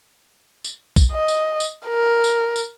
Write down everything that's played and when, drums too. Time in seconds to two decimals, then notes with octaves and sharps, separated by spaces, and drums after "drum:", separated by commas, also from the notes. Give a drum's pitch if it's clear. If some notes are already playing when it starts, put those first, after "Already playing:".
0.64 drum: tambourine
0.96 drum: kick, tambourine
1.12 D#5
1.28 drum: tambourine
1.60 drum: tambourine
1.87 A#4
2.24 drum: tambourine
2.56 drum: tambourine